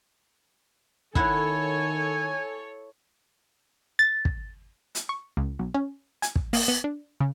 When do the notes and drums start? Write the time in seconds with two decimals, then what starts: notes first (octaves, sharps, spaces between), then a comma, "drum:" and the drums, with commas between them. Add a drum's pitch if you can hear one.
1.15 D#3 E4 A4 C#5 F#5 G#5, drum: kick
3.99 A6
4.25 drum: kick
4.95 drum: hi-hat
5.09 C#6
5.37 C#2
5.59 B1
5.74 C#4
6.22 G#5, drum: hi-hat
6.36 drum: kick
6.53 A#3, drum: open hi-hat
6.68 B3
6.84 D4
7.20 C#3